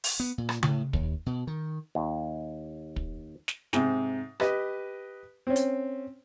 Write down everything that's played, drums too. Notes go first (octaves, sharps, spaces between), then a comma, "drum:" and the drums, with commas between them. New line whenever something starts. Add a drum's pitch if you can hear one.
drum: open hi-hat
B3
A#2
drum: rim click
A2, drum: tom C#3
D#2, drum: kick
B2
D#3
D#2
drum: kick
drum: snare
G#2 C3, drum: snare
G4 B4 D#5, drum: rim click
C4 C#4
drum: hi-hat